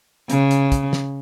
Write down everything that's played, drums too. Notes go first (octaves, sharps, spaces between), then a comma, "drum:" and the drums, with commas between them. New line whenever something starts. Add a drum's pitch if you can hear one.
C#3, drum: hi-hat
drum: hi-hat
drum: kick, hi-hat
drum: snare